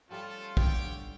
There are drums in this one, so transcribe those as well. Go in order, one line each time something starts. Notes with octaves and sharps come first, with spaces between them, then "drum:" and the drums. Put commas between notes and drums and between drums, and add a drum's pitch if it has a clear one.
F3 G3 A3 C#4 F4 A4
D3 G3 G4 C#5 G5, drum: kick